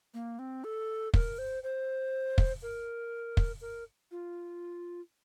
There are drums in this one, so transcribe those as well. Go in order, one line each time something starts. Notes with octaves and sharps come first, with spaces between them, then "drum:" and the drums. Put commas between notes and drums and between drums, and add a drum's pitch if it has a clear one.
A#3
C4
A4
A#4, drum: kick
C5
C5
drum: kick
A#4
drum: kick
A#4
F4